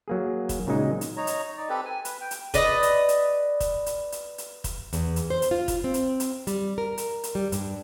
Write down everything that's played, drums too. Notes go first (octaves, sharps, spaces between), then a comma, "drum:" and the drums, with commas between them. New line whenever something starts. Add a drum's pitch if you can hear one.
F#3 A#3 G#4
drum: kick, hi-hat
A#2 C#3 F#3 G#3 D#4
drum: hi-hat
D#4 C#5 A#5
drum: hi-hat
D#4 D5
C4 G4 A4 B4
G#5
B4, drum: hi-hat
G5
drum: hi-hat
B4 D5 D#5, drum: kick, hi-hat
drum: hi-hat
drum: hi-hat
drum: kick, hi-hat
drum: hi-hat
drum: hi-hat
drum: hi-hat
drum: kick, hi-hat
E2, drum: hi-hat
drum: hi-hat
C5
drum: hi-hat
F4
drum: kick, hi-hat
C4
drum: hi-hat
drum: hi-hat
G3, drum: hi-hat
A#4
drum: hi-hat
drum: hi-hat
G3
G2, drum: hi-hat